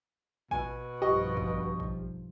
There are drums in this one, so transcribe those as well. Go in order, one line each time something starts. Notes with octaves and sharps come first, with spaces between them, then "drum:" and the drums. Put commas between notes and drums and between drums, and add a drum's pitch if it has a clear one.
B2 G#5, drum: kick A1
B1 G2 F3 G4 D#5 C#6
drum: kick A1
drum: kick A1